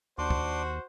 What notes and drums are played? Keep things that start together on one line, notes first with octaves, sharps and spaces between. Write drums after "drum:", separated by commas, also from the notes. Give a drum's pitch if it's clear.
D#2 D4 F#4 C5 C6 D6
drum: kick